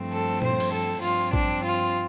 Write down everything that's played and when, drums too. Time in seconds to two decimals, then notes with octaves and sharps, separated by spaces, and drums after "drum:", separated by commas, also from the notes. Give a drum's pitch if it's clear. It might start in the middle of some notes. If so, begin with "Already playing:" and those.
Already playing: G2 F3 A3 C4
0.12 A4
0.42 C5, drum: tom A#2
0.60 drum: cymbal
0.72 A4
1.02 G2 F3 C4 F4, drum: open hi-hat
1.33 D4, drum: kick A1
1.64 F4